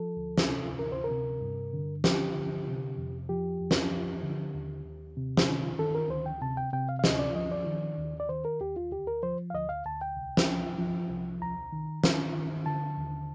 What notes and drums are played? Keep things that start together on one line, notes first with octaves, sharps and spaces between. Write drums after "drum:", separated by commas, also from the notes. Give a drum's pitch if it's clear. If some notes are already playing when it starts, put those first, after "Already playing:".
Already playing: F3 A4
D2
drum: snare
C3
D2 A#4
C5
A#4
C3
G2
D3
F3 G4, drum: snare
D3
C3
F2
F3 G4
F2
drum: snare
F3
D3
D#2
D#2
C3
drum: snare
D#3
D#3 A4
A#4
D2 C5
G5
C3 A5
G5
C3 G5
F5
F5
D2 D#5, drum: snare
D5
F3 D#5
D5
D#3
D#2
D5
D#3 C5
A#4
D#2 G4
F4
D2 G4
A#4
F3 C5
F5
D2 D#5
F5
D2 A5
G5
C2
drum: snare
F3
F3
C2
D#2 A#5
D#3
D#3, drum: snare
D#3
D3 A5
D#2